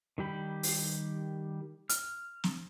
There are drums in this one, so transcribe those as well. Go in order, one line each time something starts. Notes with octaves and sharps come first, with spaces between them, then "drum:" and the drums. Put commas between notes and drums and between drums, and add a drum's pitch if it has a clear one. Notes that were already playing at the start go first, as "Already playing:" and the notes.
D#3 G3 G4 B5
drum: open hi-hat
F6, drum: hi-hat
drum: snare